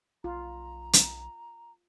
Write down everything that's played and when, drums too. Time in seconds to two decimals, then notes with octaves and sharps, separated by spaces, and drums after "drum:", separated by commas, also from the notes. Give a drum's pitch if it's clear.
0.24 B1 F4 A#5
0.93 drum: hi-hat